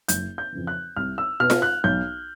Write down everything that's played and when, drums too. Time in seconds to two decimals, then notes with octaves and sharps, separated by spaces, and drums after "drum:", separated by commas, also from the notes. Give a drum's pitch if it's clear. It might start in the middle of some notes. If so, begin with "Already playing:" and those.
0.08 F#1 G6, drum: hi-hat
0.38 G6
0.52 F2 C#3 E3
0.67 F#6
0.96 C2 F6
1.18 E6
1.40 B2 F6
1.50 drum: snare F4
1.62 F#6
1.84 B1 G6